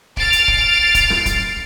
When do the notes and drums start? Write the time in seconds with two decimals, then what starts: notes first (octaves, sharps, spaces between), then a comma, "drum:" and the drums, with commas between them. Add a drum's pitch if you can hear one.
0.17 F6 A6 C7 D7, drum: kick
0.32 drum: hi-hat
0.48 drum: kick
0.95 drum: kick, hi-hat
1.10 drum: snare
1.26 drum: kick, hi-hat